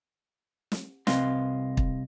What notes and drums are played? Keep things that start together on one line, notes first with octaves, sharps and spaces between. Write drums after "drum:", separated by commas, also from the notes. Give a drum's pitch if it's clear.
drum: snare
C2 C4 B4 D#5 F5 C6, drum: snare
drum: kick